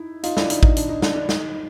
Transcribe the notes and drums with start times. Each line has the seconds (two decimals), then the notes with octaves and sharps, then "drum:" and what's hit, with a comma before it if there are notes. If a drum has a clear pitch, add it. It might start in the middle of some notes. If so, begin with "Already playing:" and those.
Already playing: D#4 E4
0.23 D#4 F4, drum: hi-hat
0.37 D4 E4, drum: snare
0.50 D#4, drum: hi-hat
0.63 D#4, drum: kick A1
0.77 D4, drum: hi-hat
0.89 D#4
1.02 D4, drum: snare
1.16 D4
1.29 D#4, drum: snare